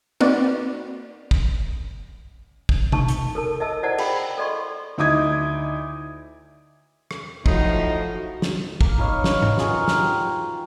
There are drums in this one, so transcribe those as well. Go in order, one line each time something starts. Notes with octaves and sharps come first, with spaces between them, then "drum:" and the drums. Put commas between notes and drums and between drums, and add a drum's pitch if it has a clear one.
A#3 C4 D#4 F#4 B4 D5, drum: cymbal
drum: kick
drum: kick
D#4 A5 C#6, drum: tom B2
drum: hi-hat
A4 A#4 A5
D#5 E5 A5 E6
E4 C5 D5 D#5 F#5 A5
G#4 F5 G5 B5, drum: cymbal
A4 D5 D#5 C6 C#6
D2 D#4 E4 D6 D#6 G#6
drum: rim click
A2 F3 D#4 F#4, drum: kick
drum: snare
A#3, drum: kick
D#4 B4 C#5 F5, drum: tom G#2
C#6, drum: snare
drum: tom G#2
F4 F#4 G#4 A#4, drum: snare
G4 G5, drum: snare